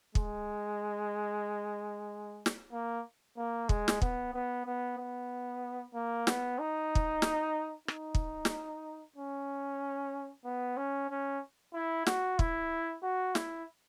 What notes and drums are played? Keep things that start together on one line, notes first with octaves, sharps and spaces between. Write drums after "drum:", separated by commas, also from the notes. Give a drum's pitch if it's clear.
G#3, drum: kick
drum: snare
A#3
A#3
G#3, drum: kick
drum: snare
B3, drum: kick
B3
B3
B3
A#3
B3, drum: snare
D#4
drum: kick
drum: snare
D#4, drum: rim click
drum: kick
drum: snare
C#4
B3
C#4
C#4
E4
F#4, drum: snare
E4, drum: kick
F#4
E4, drum: snare